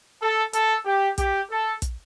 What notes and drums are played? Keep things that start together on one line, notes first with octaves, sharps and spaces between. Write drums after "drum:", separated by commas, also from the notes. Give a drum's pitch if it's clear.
A4
A4, drum: hi-hat
G4
G4, drum: kick, hi-hat
A4
drum: kick, hi-hat